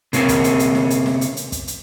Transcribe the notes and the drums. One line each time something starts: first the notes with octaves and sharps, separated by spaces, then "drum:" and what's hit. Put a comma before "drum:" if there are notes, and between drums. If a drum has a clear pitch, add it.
C3 A#3 C#4, drum: hi-hat
drum: kick, hi-hat
drum: hi-hat
drum: hi-hat
drum: snare
drum: hi-hat
drum: snare
drum: hi-hat
drum: hi-hat
drum: kick, hi-hat
drum: hi-hat